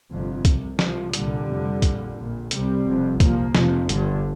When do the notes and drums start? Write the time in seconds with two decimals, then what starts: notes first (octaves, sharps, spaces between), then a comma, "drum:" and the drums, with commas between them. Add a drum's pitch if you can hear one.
0.10 G1 F2 C3
0.45 C2 C3, drum: kick, hi-hat
0.79 C2 C3 F3, drum: snare
1.13 C2 A#2 D3 G3, drum: hi-hat
1.49 F1 F2 C3
1.82 A#1 A#2, drum: kick, hi-hat
2.17 A#1 A#2
2.51 C2 C3 G3 C4, drum: hi-hat
2.86 F1 F2 C3
3.20 C2 A#2 F3 A#3, drum: kick, hi-hat
3.55 F1 F2 C3 F3, drum: snare
3.89 G1 G2 D3, drum: hi-hat